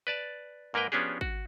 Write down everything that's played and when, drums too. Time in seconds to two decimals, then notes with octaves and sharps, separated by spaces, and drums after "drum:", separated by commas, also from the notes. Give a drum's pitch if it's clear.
0.07 B4 D5 A5
0.74 G#2 A#3 A#4 B4 G5
0.92 F3 B3 C#4 D4 G4 G#4
1.21 F#4, drum: kick